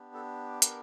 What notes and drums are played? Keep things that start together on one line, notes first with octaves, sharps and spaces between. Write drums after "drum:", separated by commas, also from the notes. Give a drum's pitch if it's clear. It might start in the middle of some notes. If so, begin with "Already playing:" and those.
Already playing: B3 D4 G4
A4
A#4, drum: hi-hat